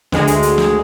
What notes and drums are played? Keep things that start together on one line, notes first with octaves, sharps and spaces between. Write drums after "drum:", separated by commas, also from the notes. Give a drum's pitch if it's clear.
D2 G#3, drum: snare
drum: hi-hat
drum: hi-hat
drum: snare